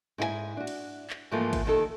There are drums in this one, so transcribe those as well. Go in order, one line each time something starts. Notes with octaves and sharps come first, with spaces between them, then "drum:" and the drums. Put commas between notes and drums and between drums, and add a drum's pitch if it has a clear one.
G#2 E4 C#5 G#5
D4 F#4
drum: cymbal
drum: clap
G#2 E3 F3 A3 A#3
drum: kick, cymbal
D#2 D#3 A4